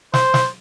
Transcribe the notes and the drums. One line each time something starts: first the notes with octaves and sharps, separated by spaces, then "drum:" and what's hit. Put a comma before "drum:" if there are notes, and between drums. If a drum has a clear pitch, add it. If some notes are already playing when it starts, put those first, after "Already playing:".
C5, drum: snare
drum: snare